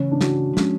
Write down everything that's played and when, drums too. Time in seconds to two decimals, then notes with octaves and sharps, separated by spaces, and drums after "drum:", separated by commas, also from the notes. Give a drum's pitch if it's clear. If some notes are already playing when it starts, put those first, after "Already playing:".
Already playing: C#3 E3 A3 C#4
0.11 D4
0.21 F#4, drum: snare
0.57 F3 G#3 C#4, drum: snare